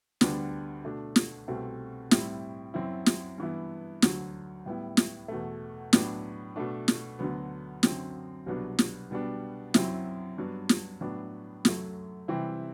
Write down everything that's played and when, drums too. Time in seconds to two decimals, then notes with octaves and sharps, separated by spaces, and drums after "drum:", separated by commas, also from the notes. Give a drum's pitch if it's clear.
0.21 D2 D3 G3 B3 D4, drum: snare
0.84 B2 A3 D4
1.16 drum: snare
1.48 C2 B2 A3 C4
2.11 A2 G3 C4 E4, drum: snare
2.74 F#2 F#3 C4 E4
3.06 drum: snare
3.38 G2 E3 B3 E4
4.02 D2 D3 F#3, drum: snare
4.66 A2 G3 B3 E4
4.97 drum: snare
5.28 E2 B2 A3
5.93 A2 F#3 B3 D4, drum: snare
6.56 B2 A3 D4
6.88 drum: snare
7.19 D2 D3 F#3 B3
7.83 F#2 D3 F#3 C4, drum: snare
8.46 C2 B2 F#3 B3 D4
8.79 drum: snare
9.11 B2 G3 B3 D4
9.74 F#2 F#3 C4 E4, drum: snare
10.38 G2 F#3 B3 D4
10.69 drum: snare
11.01 A2 F#3 B3 D4
11.65 F#2 F#3 A3, drum: snare
12.28 C3 E3 G3 C4 E4